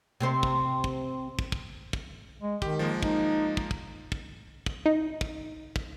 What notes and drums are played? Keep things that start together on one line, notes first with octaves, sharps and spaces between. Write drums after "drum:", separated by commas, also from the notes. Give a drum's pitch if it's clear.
C3 C4 C5
drum: kick
drum: kick
drum: kick
drum: kick
drum: kick
G#3
D#3 G4, drum: kick
F3 G#3 A#3
D#4, drum: kick
drum: kick
drum: kick
drum: kick
drum: kick
D#4
drum: kick
drum: kick